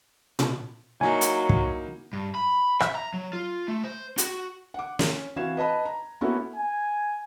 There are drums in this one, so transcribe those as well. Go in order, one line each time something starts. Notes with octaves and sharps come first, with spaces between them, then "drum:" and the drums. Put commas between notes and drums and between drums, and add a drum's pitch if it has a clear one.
drum: tom A#2
F#3 A#3 D#4 E4 G#5
drum: hi-hat
drum: kick
G2
B5
E5, drum: rim click
A#5
F#3
F4
A3
C5
F#4, drum: hi-hat
F#5 D6
C#4, drum: snare
E3 C4 F#4 F5 G#6 E7
B4 D#5 A5 B5
A#5
A#3 B3 C#4 E4 F#4 A4
G#5